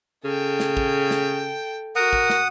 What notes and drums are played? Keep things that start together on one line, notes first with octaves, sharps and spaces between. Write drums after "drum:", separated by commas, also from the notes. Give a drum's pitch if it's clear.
C#3 A4 G5
drum: snare
drum: kick
drum: snare
F#4 A#4 F#5 D#6
drum: kick
drum: snare